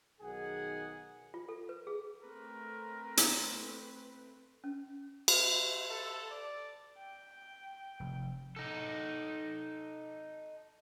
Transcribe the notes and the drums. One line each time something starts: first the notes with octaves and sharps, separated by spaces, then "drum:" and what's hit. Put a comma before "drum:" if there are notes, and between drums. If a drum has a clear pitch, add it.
B1 D#3 G#4 F#5 G#5
F4
A4
B4
G#4
A3 C4 A#4 B4
drum: hi-hat
C#4
drum: cymbal
A4
D5
G5
F1
D#4 A4